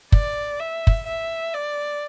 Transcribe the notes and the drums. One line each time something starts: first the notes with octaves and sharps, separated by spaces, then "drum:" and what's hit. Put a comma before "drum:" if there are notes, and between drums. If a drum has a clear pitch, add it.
D5, drum: kick
E5
drum: kick
E5
D5